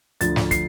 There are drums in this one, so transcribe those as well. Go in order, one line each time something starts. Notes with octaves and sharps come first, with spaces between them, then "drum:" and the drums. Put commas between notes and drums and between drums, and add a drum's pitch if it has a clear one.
D2 D3 F3 A6, drum: hi-hat
drum: snare
C7, drum: kick, hi-hat